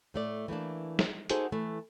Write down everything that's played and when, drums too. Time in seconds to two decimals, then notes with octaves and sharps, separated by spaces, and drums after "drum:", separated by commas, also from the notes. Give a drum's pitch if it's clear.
0.14 A2 A3 D5
0.48 E3 A3 A#3 D4
0.99 drum: snare
1.29 A#3 D#4 F#4 G#4 A4 C5, drum: hi-hat
1.52 E3 A3